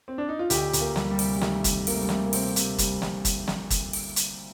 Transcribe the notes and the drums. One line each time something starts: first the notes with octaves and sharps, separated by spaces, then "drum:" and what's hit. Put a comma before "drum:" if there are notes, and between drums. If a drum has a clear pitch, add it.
C4
D4
D#4
F4
D2 G4, drum: hi-hat
D2, drum: hi-hat
A#3
G3, drum: snare
G3
C3, drum: open hi-hat
G3
D#3 A3, drum: snare
C3, drum: kick, hi-hat
C3 A#3, drum: open hi-hat
A3
G3
C3 A3, drum: snare
A#3
C3 C4, drum: open hi-hat
C3, drum: hi-hat
G3, drum: kick, hi-hat
drum: snare
drum: kick, hi-hat
drum: snare
drum: kick, hi-hat
drum: open hi-hat
drum: hi-hat